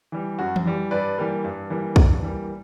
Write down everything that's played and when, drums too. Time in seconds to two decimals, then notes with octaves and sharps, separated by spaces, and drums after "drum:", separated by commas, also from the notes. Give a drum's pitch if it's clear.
0.12 E3 G3
0.39 F#2 F#4
0.56 drum: tom E3
0.65 E3 G3
0.91 G2 B4 D5
1.18 E3 G3 A#3
1.44 G2
1.70 E3 G3 A#3
1.96 G2, drum: kick
2.23 E3 G3 A#3